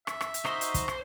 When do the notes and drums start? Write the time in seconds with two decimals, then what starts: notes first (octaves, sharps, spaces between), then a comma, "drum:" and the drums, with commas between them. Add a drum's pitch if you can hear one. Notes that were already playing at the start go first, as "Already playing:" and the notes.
0.07 E5, drum: rim click
0.21 drum: rim click
0.34 drum: hi-hat
0.45 D#4 F#4 C5 D#5, drum: rim click
0.61 drum: hi-hat
0.74 drum: kick, hi-hat
0.88 drum: rim click